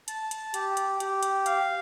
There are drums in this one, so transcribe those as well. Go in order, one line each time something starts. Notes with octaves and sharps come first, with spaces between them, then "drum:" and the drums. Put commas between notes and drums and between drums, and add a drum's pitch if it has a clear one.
A5, drum: hi-hat
drum: hi-hat
G4, drum: hi-hat
drum: hi-hat
G4, drum: hi-hat
drum: hi-hat
F5, drum: hi-hat